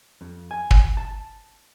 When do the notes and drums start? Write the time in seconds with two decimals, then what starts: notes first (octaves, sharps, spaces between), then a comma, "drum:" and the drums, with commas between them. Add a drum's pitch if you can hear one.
0.21 F2
0.51 G#5
0.71 drum: kick
0.97 A5